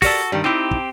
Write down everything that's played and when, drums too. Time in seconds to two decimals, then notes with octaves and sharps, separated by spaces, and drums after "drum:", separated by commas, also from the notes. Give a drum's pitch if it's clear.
0.02 F#4 G4 A4 A#4 D5, drum: kick, open hi-hat
0.32 G2 D#3 G3
0.44 C4 D#4 E4 G4
0.71 drum: kick